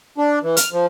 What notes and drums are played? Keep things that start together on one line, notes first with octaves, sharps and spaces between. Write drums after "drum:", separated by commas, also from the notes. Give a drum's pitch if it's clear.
D4
E3
F6, drum: hi-hat
F3